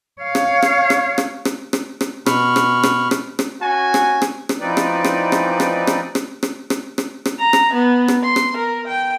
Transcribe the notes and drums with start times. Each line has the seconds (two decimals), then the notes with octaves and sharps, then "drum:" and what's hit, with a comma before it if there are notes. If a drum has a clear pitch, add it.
0.22 C#5 F5
0.35 drum: rim click
0.62 drum: rim click
0.90 drum: rim click
1.18 drum: rim click
1.45 drum: rim click
1.73 drum: rim click
2.01 drum: rim click
2.26 B2 B5 C#6 F6, drum: rim click
2.56 drum: rim click
2.83 drum: rim click
3.11 drum: rim click
3.39 drum: rim click
3.61 C#4 F#4 G#5
3.94 drum: rim click
4.22 drum: rim click
4.49 drum: rim click
4.61 E3 F3 C4 D#4 B4 D5
4.77 drum: rim click
5.04 drum: rim click
5.32 drum: rim click
5.60 drum: rim click
5.87 drum: rim click
6.15 drum: rim click
6.43 drum: rim click
6.70 drum: rim click
6.98 drum: rim click
7.25 drum: rim click
7.39 A#5
7.53 drum: rim click
7.74 B3
8.08 drum: rim click
8.24 C6
8.36 drum: rim click
8.57 A#4
8.88 G5